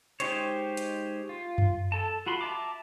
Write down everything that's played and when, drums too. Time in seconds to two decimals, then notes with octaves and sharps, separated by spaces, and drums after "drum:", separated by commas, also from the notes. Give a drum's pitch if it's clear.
0.20 G#3 D#4 G4 C5 C#5, drum: hi-hat
0.77 drum: hi-hat
1.29 F4
1.58 drum: tom F#2
1.92 A4 A5
2.26 F4 F#4 B5 C6
2.41 E5 A5 A#5 D6